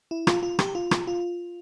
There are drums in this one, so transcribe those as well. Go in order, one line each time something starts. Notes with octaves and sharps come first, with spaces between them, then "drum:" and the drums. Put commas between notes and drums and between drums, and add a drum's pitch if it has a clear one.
E4
F4, drum: rim click
F4
G4, drum: rim click
F4
drum: rim click
F4